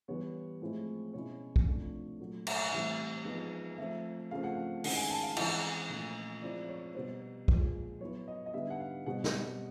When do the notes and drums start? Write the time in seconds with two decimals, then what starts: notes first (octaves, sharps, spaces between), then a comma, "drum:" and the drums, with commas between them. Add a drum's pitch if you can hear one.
0.08 E3 G3 B3 C#5
0.62 A2 F3 G#3 C4 E4
1.13 B2 G#3 C#4 E4 C#5
1.56 drum: kick
1.67 C3 F3 A3 D4
2.20 A#2 F#3 A3
2.47 E5, drum: cymbal
2.72 A2 E3 G3 C4 E5
3.25 F3 G#3 B3 D#4
3.78 F3 A3 C4 E5
4.31 C#3 F3 A3 C4 F5
4.43 F#5
4.55 F5
4.84 D#3 G#3 C#4 E4 F#5, drum: open hi-hat
4.97 G#5
5.10 A5
5.23 F5
5.37 E3 G#3 C4 E4 D#5, drum: cymbal
5.89 A#2 F3 A3 C#4
6.42 F3 G#3 C4 E4 D5
6.69 C#5
6.95 B2 G3 B3 C5
7.48 A#2 F3 G#3, drum: kick
8.01 F#3 B3 E4 C#5
8.28 D#5
8.46 D#5
8.54 D3 G3 B3 D#4 E5
8.70 F#5
8.80 F5
9.06 B2 G3 C4 F#5
9.24 drum: snare